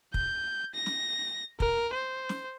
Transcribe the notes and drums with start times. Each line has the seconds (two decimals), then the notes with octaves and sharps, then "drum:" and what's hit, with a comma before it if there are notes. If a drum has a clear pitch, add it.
0.14 G6, drum: kick
0.75 A#6
0.86 drum: snare
1.60 A#4, drum: kick
1.93 C5
2.29 drum: snare